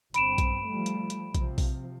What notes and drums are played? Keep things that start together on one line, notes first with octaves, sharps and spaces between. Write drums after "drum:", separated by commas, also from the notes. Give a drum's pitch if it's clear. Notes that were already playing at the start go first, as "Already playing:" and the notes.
G1 C4 B5 D7 E7, drum: hi-hat
drum: kick A#1, hi-hat
F3 G3 A3
drum: hi-hat
drum: hi-hat
C3 F3, drum: kick A#1, hi-hat
drum: kick A#1, open hi-hat